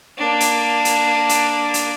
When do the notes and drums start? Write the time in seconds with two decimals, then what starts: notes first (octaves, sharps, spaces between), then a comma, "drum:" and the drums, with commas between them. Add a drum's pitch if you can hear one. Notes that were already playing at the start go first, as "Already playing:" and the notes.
0.18 A#3 D4
0.40 drum: hi-hat
0.85 drum: hi-hat
1.29 drum: hi-hat
1.74 drum: hi-hat